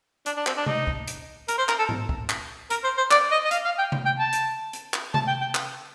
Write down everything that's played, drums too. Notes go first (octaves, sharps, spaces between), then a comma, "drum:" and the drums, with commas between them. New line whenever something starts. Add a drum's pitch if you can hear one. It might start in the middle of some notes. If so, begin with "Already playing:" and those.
D4, drum: hi-hat
D4
C4, drum: clap
D4
D#4, drum: tom C3
drum: kick
drum: hi-hat
A#4, drum: hi-hat
C5
A#4, drum: clap
A4
drum: tom G#2
drum: kick
drum: clap
A#4, drum: hi-hat
C5
C5
D5, drum: clap
D#5
D#5
F5, drum: hi-hat
F5
G5
drum: tom C3
G5
A5
drum: hi-hat
drum: hi-hat
drum: clap
A5, drum: tom C3
G5
G5
drum: clap